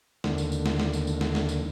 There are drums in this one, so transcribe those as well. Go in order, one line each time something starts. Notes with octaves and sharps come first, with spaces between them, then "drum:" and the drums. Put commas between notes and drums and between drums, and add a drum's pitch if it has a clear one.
D#2 D3, drum: snare
drum: tambourine
drum: tambourine
drum: snare
drum: snare
drum: tambourine
drum: tambourine
drum: snare
drum: snare
drum: tambourine